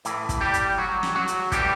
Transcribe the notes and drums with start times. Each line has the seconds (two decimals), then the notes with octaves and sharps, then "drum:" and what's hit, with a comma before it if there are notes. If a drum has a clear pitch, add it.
0.05 A2 E3, drum: hi-hat
0.29 drum: kick, hi-hat
0.41 G3 G4
0.54 drum: hi-hat
0.78 F#3 F#4
1.03 drum: snare
1.15 F#3 F#4
1.27 drum: hi-hat
1.52 A2 E3 G3 G4, drum: kick, hi-hat